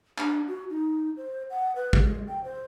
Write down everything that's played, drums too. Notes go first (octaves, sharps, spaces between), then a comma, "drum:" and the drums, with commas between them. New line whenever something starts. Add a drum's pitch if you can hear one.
D4, drum: clap
F#4
D#4
C5
F#5
B4
drum: kick
G#3
G5
C5